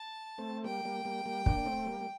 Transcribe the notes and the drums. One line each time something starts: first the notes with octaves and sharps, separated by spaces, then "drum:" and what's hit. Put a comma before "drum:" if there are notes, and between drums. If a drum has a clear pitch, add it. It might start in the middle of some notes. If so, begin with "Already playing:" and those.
Already playing: A5
A3 C4
G3 A#3 G5
G3 A#3
G3 A#3
G3 A#3
A#3 D4, drum: kick
A3 C4
G3 A#3
A#3